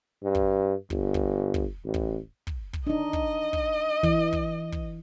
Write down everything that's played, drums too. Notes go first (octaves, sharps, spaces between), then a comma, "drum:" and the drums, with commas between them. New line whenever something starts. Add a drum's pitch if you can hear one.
G2
drum: kick
G1, drum: kick
drum: kick
drum: kick
A1
drum: kick
drum: kick
drum: kick
D4 D#4 D#5
drum: kick
drum: kick
E3, drum: kick
drum: kick
drum: kick